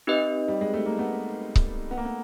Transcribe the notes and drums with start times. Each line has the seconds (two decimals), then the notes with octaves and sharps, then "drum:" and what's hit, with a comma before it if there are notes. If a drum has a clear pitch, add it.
0.07 C4 D#4 G4 B4 D#5
0.48 G3
0.61 G#3
0.74 A3
0.86 A#3
0.98 A3 B3
1.56 drum: kick C#1
1.91 B3
1.97 A#3
2.05 A3 B3